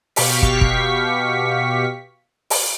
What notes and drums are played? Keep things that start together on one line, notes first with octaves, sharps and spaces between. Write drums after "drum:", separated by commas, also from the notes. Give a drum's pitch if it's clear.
B2 G4 F5 C#6 B6, drum: open hi-hat
drum: kick
drum: kick
drum: open hi-hat